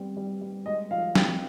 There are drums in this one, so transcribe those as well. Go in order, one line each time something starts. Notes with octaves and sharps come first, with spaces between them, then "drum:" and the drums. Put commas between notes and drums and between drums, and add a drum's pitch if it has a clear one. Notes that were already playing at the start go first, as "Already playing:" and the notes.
Already playing: G3 B3 C4
G3
G3
G#3 D#5
F3 F5
C4 G5, drum: snare